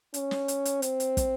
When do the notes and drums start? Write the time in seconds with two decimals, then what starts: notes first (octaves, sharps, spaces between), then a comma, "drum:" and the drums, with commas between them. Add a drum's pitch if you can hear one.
0.14 C#4, drum: hi-hat
0.31 drum: snare
0.48 drum: hi-hat
0.65 drum: hi-hat
0.82 C4, drum: hi-hat
1.00 drum: hi-hat
1.17 drum: kick, hi-hat